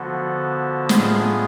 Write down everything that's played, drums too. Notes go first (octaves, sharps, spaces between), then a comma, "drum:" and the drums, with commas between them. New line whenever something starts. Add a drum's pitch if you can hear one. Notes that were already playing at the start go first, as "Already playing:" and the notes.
Already playing: D3 F3 B3 F#4 A4
A2 G#3 B3 F4 G#4, drum: snare